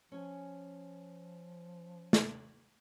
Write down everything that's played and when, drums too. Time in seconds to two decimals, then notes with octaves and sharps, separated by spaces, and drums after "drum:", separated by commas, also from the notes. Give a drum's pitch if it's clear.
0.12 F3 C#4 G#5
2.13 drum: snare